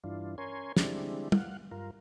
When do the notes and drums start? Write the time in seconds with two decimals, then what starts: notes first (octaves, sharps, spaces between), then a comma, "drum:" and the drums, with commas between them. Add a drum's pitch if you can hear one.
0.04 G2 E3 D4 F4
0.38 C#4 A#4 C#5 G#5 C6
0.77 D3 G3 G#3 C4 D4 E4, drum: snare
1.32 F5 F#5, drum: tom
1.71 G2 F4 A#4